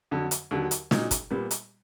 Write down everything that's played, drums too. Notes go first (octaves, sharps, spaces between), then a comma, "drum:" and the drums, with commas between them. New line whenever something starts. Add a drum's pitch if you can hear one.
F2 D3 F#3
drum: hi-hat
D#2 D3 F#3
drum: hi-hat
A#2 F#3 A#3 D#4, drum: snare
drum: kick, hi-hat
A#2 G3 B3
drum: hi-hat